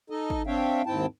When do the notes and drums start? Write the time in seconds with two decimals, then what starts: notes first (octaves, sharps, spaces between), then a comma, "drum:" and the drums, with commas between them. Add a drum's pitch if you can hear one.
0.10 D#4 A4 D#5
0.30 drum: kick
0.47 C4 D4 C#5 E5 F5 G5
0.86 D#2 G#2 C4 E4 G5 A5